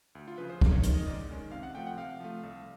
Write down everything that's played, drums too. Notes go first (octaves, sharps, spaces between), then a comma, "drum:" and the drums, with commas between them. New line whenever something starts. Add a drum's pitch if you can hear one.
D2
F4
C#3 F3 B4
C5
G#2 C#5, drum: kick
C#5
D#3 G#3 C#4, drum: hi-hat
D#5
G#2 D5
D#3 G#3 C#4
C3 F5
F#5
F3 A3 G5
F#5
C3 F5
F3 A3
C2